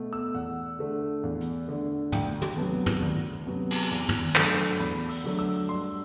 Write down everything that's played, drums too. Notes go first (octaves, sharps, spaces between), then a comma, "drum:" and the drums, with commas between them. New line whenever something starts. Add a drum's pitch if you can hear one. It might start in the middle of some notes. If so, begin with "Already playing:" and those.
Already playing: B2 A3
E6
E2 F#5
D3 A3
E2
drum: hi-hat
D3 A3
D2 G5, drum: tom
drum: tom
C3 F#3 B3 A5
drum: tom
D2
C3 F#3 B3
drum: cymbal
E2
drum: tom
D3 F#3 A3, drum: clap
E2 B5
E6, drum: open hi-hat
D3 F#3 A3
E6
G2 C6